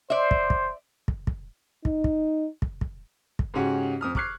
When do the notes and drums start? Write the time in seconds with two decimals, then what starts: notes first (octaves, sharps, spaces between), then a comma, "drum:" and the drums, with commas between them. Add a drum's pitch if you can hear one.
0.10 C5 D5 E5
0.31 drum: kick
0.50 drum: kick
1.08 drum: kick
1.27 drum: kick
1.85 D#4, drum: kick
2.04 drum: kick
2.62 drum: kick
2.81 drum: kick
3.39 drum: kick
3.54 G#2 C#3 C#4 F#4 G4
4.01 F2 D#6 F6
4.15 C#6 D6 F6 F#6 G#6 C7, drum: kick